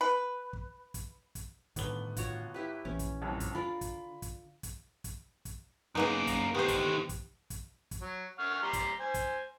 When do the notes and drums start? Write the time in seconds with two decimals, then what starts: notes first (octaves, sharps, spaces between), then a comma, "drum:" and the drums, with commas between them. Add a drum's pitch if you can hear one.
0.01 B4
0.53 drum: kick
0.94 drum: kick, hi-hat
1.35 drum: kick, hi-hat
1.76 G1 A2 D3 D#3 B3 G7, drum: kick, hi-hat
2.17 F4 F#4 C#5, drum: kick, hi-hat
2.54 E4 G4 B4
2.85 A#1 E3 C#4
2.99 drum: kick, hi-hat
3.22 G1 C2 F2
3.40 drum: kick, hi-hat
3.55 D3 F4 A#4 D5 B5
3.81 drum: kick, hi-hat
4.22 drum: kick, hi-hat
4.63 drum: kick, hi-hat
5.04 drum: kick, hi-hat
5.45 drum: kick, hi-hat
5.95 F#2 G#3 A#3 B3 D#4
6.27 drum: kick, hi-hat
6.55 D3 D#3 B3 G4 C5
6.68 drum: kick, hi-hat
7.09 drum: kick, hi-hat
7.50 drum: kick, hi-hat
7.91 drum: kick, hi-hat
8.01 F#3
8.39 F#5 C#6 F6
8.63 G3 A#5 C6
8.73 drum: kick, hi-hat
9.00 C5 G#5
9.14 drum: kick, hi-hat